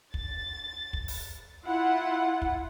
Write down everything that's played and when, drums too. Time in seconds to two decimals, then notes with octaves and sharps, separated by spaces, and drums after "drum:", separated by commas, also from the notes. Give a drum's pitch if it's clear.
0.14 A6, drum: kick
0.93 drum: kick
1.08 drum: open hi-hat
1.64 E4 F4 F#5
2.42 drum: kick